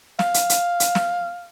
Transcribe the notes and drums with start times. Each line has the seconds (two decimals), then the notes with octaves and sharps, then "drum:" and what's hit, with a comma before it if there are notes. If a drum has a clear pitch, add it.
0.19 F5, drum: snare
0.34 drum: hi-hat
0.49 drum: hi-hat
0.80 drum: hi-hat
0.95 drum: snare